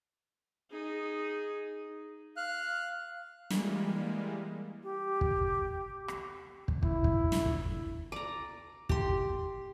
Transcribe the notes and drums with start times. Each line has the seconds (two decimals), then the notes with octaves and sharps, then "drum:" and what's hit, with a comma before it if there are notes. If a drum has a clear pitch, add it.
0.71 D#4 G#4
2.37 F5 F6 F#6
3.50 E3 G3 G#3 A#3, drum: snare
4.83 G4
5.21 drum: kick
6.08 drum: rim click
6.68 drum: kick
6.83 E4, drum: kick
7.04 drum: kick
7.32 drum: snare
7.46 drum: kick
8.12 D5 A#5
8.89 G4 C6, drum: kick